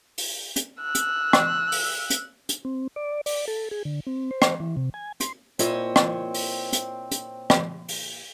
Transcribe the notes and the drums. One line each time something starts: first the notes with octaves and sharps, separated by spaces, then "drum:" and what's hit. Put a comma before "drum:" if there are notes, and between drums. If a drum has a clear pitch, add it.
drum: open hi-hat
drum: hi-hat
E6 F#6
drum: hi-hat
drum: rim click
drum: open hi-hat
drum: hi-hat
drum: hi-hat
C4
D5
D5, drum: open hi-hat
A4
G#4
D3
C4
C5
drum: rim click
E3
C3
G#5
C6, drum: hi-hat
A#2 C4 E4 C5 C#5 D#5 E5, drum: hi-hat
drum: rim click
drum: open hi-hat
drum: hi-hat
drum: hi-hat
drum: rim click
drum: open hi-hat